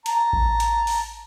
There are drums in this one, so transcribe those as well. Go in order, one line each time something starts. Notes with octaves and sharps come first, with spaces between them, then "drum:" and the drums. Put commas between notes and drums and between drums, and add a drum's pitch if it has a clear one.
A5 A#5, drum: hi-hat
drum: kick A1
drum: hi-hat
drum: open hi-hat